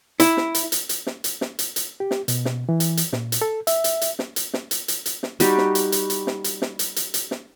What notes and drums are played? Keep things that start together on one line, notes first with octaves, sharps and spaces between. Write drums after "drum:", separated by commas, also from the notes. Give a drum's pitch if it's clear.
E4, drum: hi-hat
drum: snare
drum: hi-hat
drum: hi-hat
drum: hi-hat
drum: snare
drum: hi-hat
drum: snare
drum: hi-hat
drum: hi-hat
G4
drum: snare
B2, drum: hi-hat
drum: snare
E3
drum: hi-hat
drum: hi-hat
A#2, drum: snare
drum: hi-hat
A4
E5, drum: hi-hat
drum: hi-hat
drum: hi-hat
drum: snare
drum: hi-hat
drum: snare
drum: hi-hat
drum: hi-hat
drum: hi-hat
drum: snare
G3 D#4 F#4 G4, drum: hi-hat
drum: snare
drum: hi-hat
drum: hi-hat
drum: hi-hat
drum: snare
drum: hi-hat
drum: snare
drum: hi-hat
drum: hi-hat
drum: hi-hat
drum: snare